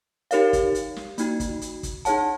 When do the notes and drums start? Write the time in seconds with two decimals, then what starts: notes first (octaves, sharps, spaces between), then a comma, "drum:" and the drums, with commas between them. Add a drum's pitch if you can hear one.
0.31 D#4 G4 A#4 C#5 F5, drum: hi-hat
0.53 drum: kick, hi-hat
0.75 drum: hi-hat
0.96 drum: snare
1.18 A#3 D#4 F#4, drum: hi-hat
1.40 drum: kick, hi-hat
1.62 drum: hi-hat
1.83 drum: kick, hi-hat
2.05 D#4 G#4 C#5 F#5 A5, drum: hi-hat